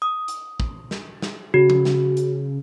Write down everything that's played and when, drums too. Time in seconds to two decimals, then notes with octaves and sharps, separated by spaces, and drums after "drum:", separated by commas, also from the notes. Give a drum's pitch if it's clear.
0.02 D#6
0.28 drum: hi-hat
0.60 drum: kick
0.91 drum: snare
1.22 drum: snare
1.54 C#3 F#4
1.70 drum: tom F3
1.85 drum: snare
2.17 drum: hi-hat